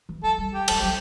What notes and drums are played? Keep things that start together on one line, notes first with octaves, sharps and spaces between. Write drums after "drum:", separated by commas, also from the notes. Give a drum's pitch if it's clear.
E3
F#3 A4
G3
G4
G3 A4, drum: cymbal
F#3 G4